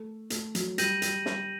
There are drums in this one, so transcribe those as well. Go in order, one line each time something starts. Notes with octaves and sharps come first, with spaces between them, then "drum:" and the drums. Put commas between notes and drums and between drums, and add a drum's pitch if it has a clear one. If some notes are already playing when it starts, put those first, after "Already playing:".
Already playing: A3
A3, drum: hi-hat
F#3, drum: hi-hat
G3 G6 A#6 D#7 F#7, drum: hi-hat
G3, drum: hi-hat
G3, drum: snare